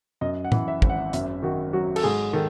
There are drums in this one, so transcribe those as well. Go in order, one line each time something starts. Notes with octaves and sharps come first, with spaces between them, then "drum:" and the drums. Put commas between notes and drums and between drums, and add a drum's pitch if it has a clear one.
F#2 D#5
F#5
E3, drum: tom
E5
G#1, drum: kick
F#5
F#2 E5, drum: hi-hat
D#3 F#4
F#3 F#4
A4, drum: cymbal
G#2 G#4
D#3 A4